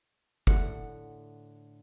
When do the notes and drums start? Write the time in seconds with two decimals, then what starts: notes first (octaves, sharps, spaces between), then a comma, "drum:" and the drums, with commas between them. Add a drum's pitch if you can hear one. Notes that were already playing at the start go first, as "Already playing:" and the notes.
0.47 A2 D3 F#5, drum: kick